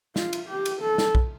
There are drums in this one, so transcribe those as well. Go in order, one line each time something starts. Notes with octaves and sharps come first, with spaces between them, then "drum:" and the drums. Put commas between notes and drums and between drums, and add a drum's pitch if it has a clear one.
F4, drum: snare
drum: cymbal
G4
drum: cymbal
A4
drum: snare
drum: kick